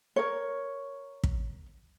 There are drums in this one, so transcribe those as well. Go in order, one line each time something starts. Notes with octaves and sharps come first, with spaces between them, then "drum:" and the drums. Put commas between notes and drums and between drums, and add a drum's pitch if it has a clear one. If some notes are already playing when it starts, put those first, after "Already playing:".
A#4 C#5
drum: kick